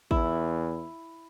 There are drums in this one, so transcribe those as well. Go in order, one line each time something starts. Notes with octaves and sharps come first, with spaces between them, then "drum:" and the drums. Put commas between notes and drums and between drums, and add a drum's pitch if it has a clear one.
E2 E4, drum: kick A1